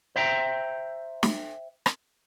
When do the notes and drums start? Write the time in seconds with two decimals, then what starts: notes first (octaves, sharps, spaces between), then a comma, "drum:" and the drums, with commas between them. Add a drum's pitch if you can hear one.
0.16 C5 E5 G5 A#5
1.23 drum: snare
1.86 drum: rim click